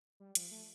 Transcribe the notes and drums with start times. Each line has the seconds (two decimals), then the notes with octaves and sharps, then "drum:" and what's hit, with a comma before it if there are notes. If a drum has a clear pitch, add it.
0.20 G3
0.35 F3, drum: hi-hat
0.51 A3